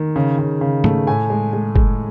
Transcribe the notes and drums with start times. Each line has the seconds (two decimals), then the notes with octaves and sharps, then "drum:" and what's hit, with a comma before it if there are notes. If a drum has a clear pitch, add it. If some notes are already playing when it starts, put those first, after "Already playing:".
Already playing: D#3
0.16 C#3
0.39 C#3
0.61 C#3
0.84 A3, drum: tom G#2
1.07 A2 G#5
1.30 G#3
1.53 G#3
1.76 G#3, drum: kick